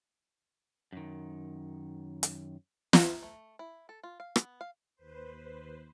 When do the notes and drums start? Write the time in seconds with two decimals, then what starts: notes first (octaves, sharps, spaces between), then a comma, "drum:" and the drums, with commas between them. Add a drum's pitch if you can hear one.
0.92 F#2 D#3
2.23 drum: hi-hat
2.93 B3, drum: snare
3.23 A3
3.59 E4
3.89 A4
4.03 F4
4.20 F5
4.36 B3, drum: rim click
4.61 F5
4.96 D#2 B4 C5